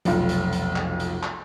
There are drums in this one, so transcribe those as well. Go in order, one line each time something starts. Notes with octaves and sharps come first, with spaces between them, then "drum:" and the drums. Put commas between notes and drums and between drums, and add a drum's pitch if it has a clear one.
F1 B1 F4, drum: hi-hat
drum: hi-hat
drum: hi-hat
drum: clap
drum: hi-hat
drum: clap